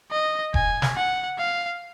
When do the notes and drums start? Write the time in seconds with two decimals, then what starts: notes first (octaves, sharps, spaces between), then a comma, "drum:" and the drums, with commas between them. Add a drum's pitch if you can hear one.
0.11 D#5
0.54 G#5, drum: kick E1
0.82 drum: snare
0.96 F#5
1.38 F5